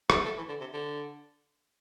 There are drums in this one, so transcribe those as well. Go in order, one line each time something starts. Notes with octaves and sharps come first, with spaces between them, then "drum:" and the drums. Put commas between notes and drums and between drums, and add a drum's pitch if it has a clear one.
B3, drum: rim click
A3
E3
D3
C3
D3